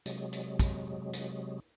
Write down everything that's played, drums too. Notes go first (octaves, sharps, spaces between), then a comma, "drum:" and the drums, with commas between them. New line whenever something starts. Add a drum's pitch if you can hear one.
C3 F#3 G#3, drum: hi-hat
drum: hi-hat
drum: kick, hi-hat
drum: hi-hat